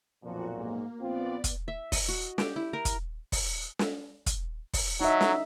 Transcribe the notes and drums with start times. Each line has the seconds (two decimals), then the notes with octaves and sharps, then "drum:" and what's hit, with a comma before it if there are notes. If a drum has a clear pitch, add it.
0.24 B1 F2 A#2 F3 F#4
0.55 G#2 A#3
1.00 A#1 B3 C4 F4 D5
1.44 drum: kick, hi-hat
1.68 E5
1.92 D#5, drum: kick, open hi-hat
2.09 F#4
2.38 G4, drum: snare
2.56 E4
2.73 A#4
2.85 drum: kick, hi-hat
3.32 drum: kick, open hi-hat
3.79 drum: snare
4.26 drum: kick, hi-hat
4.73 drum: kick, open hi-hat
5.01 F#3 D#4 E5
5.21 drum: snare